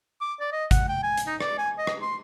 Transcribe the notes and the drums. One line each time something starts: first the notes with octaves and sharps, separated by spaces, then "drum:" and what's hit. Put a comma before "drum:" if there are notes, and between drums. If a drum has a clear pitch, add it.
D6
D5
D#5
F#5, drum: kick G#1, hi-hat
G5
G#5
drum: hi-hat
D#4
D5, drum: rim click
G#5
D#5
drum: rim click
C6